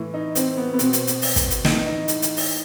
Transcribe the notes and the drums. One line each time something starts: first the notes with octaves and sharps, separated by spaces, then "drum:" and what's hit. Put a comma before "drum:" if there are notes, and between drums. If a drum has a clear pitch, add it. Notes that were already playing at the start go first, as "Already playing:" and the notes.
Already playing: A2 E3
D#4
C4, drum: hi-hat
B3
B3
B2 C4, drum: hi-hat
drum: hi-hat
drum: hi-hat
drum: open hi-hat
drum: kick, hi-hat
drum: hi-hat
A2 E3 D#4, drum: snare
D#4
drum: hi-hat
drum: hi-hat
drum: open hi-hat